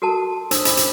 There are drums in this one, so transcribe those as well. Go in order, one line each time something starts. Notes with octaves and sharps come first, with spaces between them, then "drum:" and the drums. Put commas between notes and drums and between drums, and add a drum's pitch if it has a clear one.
F#4 A4 A#4 A5
D4 C5 D#6 E6, drum: hi-hat
D#5 B5 D6, drum: hi-hat
drum: hi-hat